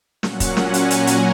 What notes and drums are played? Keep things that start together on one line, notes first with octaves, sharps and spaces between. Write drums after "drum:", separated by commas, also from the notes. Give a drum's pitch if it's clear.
A#2 F#3 C#4 F#5, drum: snare
drum: kick, hi-hat
G#5, drum: snare
drum: hi-hat
A#5, drum: hi-hat
drum: hi-hat